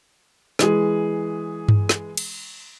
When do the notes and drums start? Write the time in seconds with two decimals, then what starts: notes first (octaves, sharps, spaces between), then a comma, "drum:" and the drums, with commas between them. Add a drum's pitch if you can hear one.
0.59 E3 G#3 G#4, drum: snare
1.69 drum: tom G2
1.89 drum: snare
2.17 drum: cymbal